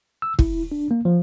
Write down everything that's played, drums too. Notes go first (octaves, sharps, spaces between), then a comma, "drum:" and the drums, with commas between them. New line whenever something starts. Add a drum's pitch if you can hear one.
E6
E4, drum: kick
D4
A#3
F3